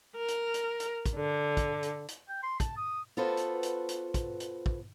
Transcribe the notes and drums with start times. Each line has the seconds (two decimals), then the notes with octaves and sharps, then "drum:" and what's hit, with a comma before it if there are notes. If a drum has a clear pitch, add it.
0.17 A#4
0.28 drum: hi-hat
0.54 drum: hi-hat
0.80 drum: hi-hat
1.06 drum: kick, hi-hat
1.15 D3
1.57 drum: kick, hi-hat
1.83 drum: hi-hat
2.08 drum: hi-hat
2.29 G5
2.43 C6
2.60 A5, drum: kick, hi-hat
2.77 D#6
3.17 B3 F4 F#4 A4 B4 C5
3.37 drum: hi-hat
3.63 drum: hi-hat
3.89 drum: hi-hat
4.14 drum: kick, hi-hat
4.40 drum: hi-hat
4.66 drum: kick